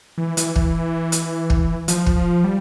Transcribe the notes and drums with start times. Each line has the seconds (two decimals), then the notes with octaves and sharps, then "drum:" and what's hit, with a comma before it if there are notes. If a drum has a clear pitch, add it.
0.18 E3
0.37 E3, drum: hi-hat
0.56 E3, drum: kick
1.12 drum: hi-hat
1.50 drum: kick
1.88 F3, drum: hi-hat
2.06 drum: kick
2.16 F3
2.44 G3